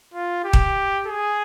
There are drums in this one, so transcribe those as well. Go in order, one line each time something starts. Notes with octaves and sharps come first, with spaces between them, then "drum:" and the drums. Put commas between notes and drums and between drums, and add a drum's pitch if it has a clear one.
F4
G4
drum: kick D#1
G#4